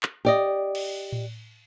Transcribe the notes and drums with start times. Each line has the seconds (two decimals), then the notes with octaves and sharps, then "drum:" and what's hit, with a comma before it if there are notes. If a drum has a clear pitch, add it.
0.03 drum: clap
0.25 G4 D5 D#5
0.75 drum: cymbal
1.12 drum: tom A2